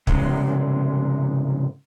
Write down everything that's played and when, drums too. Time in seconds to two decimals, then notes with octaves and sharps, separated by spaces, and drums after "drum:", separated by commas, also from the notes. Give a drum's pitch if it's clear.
0.07 C2 G#2 C#3 G#3, drum: kick